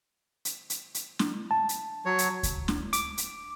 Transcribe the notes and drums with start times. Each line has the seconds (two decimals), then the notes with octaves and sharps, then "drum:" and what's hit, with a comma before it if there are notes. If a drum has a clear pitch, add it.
0.45 drum: hi-hat
0.70 drum: hi-hat
0.95 drum: hi-hat
1.19 drum: snare
1.51 A5
1.69 drum: hi-hat
2.05 F#3 C#5
2.18 drum: hi-hat
2.43 drum: kick D2, hi-hat
2.68 drum: snare
2.93 D6, drum: hi-hat
3.18 drum: hi-hat